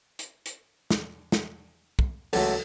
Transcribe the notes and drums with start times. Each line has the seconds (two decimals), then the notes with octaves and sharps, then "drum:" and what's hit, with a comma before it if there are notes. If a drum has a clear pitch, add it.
0.19 drum: hi-hat
0.46 drum: hi-hat
0.90 drum: snare
1.32 drum: snare
1.99 drum: kick
2.33 C#2 F#3 A3 A4, drum: cymbal